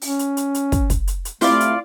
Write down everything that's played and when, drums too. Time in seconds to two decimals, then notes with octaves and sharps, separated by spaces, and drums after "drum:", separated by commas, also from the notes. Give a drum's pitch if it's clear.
0.02 C#4, drum: open hi-hat
0.19 drum: hi-hat
0.37 drum: hi-hat
0.55 drum: hi-hat
0.72 drum: kick, hi-hat
0.90 drum: kick, hi-hat
1.07 drum: hi-hat
1.25 drum: hi-hat
1.41 A3 C4 E4 F4 G4 D5 F5, drum: open hi-hat
1.60 drum: hi-hat